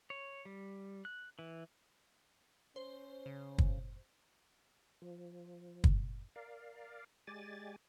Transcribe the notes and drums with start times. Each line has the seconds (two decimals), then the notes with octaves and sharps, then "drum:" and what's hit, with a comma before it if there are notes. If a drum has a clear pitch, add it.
0.10 C#5
0.45 G3
1.05 F#6
1.39 E3
2.76 C#4 C5
3.26 C#3
3.58 drum: kick
5.02 F3
5.84 drum: kick
6.36 A#4 D5 F5
7.27 G#3 G4 D5 G#5 A6